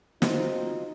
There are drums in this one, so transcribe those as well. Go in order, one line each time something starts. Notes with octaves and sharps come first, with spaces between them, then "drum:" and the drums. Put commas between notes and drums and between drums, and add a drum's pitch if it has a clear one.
C4 D#4 F4 F#4, drum: snare